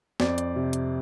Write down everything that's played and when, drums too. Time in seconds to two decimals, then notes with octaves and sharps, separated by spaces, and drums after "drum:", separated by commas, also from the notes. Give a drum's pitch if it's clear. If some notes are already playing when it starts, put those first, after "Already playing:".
0.20 F2 C5 D5, drum: snare
0.38 drum: hi-hat
0.56 C3
0.73 drum: hi-hat